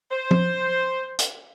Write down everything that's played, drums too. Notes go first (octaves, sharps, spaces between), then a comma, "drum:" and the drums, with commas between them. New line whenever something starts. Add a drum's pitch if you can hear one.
C5
drum: tom
drum: hi-hat